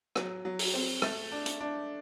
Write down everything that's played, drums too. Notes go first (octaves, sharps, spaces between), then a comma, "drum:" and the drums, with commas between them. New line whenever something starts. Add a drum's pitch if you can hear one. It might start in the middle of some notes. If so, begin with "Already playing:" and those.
F#3, drum: rim click
F#3
drum: open hi-hat
C4
A3, drum: rim click
D4
drum: hi-hat
D4